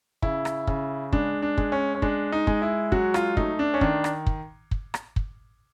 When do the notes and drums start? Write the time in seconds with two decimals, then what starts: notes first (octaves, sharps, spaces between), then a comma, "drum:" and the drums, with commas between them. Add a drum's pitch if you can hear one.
0.22 C#3 E4, drum: kick
0.45 drum: rim click
0.67 C#3, drum: kick
1.12 G#3 D4, drum: kick
1.42 D4
1.58 G#3, drum: kick
1.72 C#4
1.95 C#4
2.02 G#3 D4, drum: kick
2.32 D#4
2.47 G#3, drum: kick
2.62 E4
2.92 F#3 F#4, drum: kick
3.14 F4, drum: rim click
3.37 A3 D#4, drum: kick
3.59 D4
3.74 C#4
3.81 D#3 D4, drum: kick
4.04 drum: rim click
4.26 drum: kick
4.71 drum: kick
4.94 drum: rim click
5.16 drum: kick